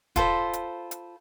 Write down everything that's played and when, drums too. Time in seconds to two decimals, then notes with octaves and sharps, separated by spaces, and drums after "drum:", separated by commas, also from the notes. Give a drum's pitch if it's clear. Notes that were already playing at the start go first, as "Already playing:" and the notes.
0.16 F4 A4 C5 B5, drum: kick, hi-hat
0.53 drum: hi-hat
0.91 drum: hi-hat